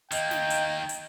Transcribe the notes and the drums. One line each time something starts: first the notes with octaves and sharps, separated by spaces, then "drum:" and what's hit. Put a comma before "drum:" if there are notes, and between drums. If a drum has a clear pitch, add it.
D#3 A#3 D#5 G5, drum: hi-hat
drum: snare
drum: hi-hat
drum: hi-hat